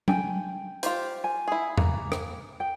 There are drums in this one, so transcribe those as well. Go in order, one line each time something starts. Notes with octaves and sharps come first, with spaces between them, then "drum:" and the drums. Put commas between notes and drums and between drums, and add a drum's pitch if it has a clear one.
G5 G#5, drum: tom F#3
F4 G4 C5, drum: hi-hat
G#5
E4 G#4
A#3, drum: tom E2
drum: rim click
G5